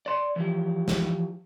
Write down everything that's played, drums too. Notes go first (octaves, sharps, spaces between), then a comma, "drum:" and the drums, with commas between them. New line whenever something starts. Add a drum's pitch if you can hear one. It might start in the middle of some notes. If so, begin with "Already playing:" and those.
D5 C6
E3 F3 G4
drum: snare